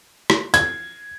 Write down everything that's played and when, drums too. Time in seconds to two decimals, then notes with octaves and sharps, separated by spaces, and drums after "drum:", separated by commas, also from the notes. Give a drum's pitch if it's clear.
0.30 drum: rim click
0.54 G#6, drum: hi-hat